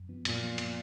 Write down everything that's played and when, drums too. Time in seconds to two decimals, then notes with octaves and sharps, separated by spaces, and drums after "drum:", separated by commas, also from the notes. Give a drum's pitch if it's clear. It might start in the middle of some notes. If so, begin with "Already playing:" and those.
Already playing: F#2
0.09 F3 B3
0.25 F#2 A#2, drum: hi-hat
0.42 F3 B3
0.58 drum: hi-hat